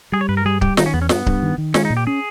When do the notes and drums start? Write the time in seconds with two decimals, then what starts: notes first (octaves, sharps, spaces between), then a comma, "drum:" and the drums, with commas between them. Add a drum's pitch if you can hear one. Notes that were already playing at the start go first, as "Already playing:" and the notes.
0.12 G3 G#4
0.21 C#5
0.29 G2 B4
0.37 A#4
0.45 G3 G#4
0.61 G3 G4, drum: kick C#1
0.77 D#3 D#4, drum: snare
0.86 C#4
0.94 E2 B3
1.02 C#4
1.09 G2 B3, drum: snare
1.26 G2, drum: kick C#1
1.43 D#3
1.58 D#3
1.74 G#3 C#4, drum: snare
1.85 D#4
1.90 A#2
1.97 G4
2.07 C#4 G#4